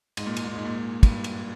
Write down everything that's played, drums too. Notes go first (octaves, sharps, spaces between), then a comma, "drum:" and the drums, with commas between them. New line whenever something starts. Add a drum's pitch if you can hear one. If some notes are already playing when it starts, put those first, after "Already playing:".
G#2, drum: cymbal
A#2
G#2, drum: cymbal
A#2
G#2
A#2
G#2
G2, drum: kick, cymbal
drum: cymbal